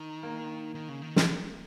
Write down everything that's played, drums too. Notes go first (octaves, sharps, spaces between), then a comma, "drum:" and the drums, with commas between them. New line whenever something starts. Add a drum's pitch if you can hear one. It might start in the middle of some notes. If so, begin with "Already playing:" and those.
Already playing: D#3
A#3
D#3
C#3
D#3
drum: snare